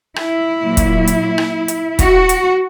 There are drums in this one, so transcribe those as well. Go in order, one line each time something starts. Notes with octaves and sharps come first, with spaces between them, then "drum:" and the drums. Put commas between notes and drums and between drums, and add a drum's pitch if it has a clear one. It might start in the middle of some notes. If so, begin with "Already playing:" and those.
E4, drum: rim click
A#2 F#3
drum: kick, hi-hat
drum: hi-hat
drum: rim click
drum: hi-hat
F#4, drum: kick, hi-hat
drum: hi-hat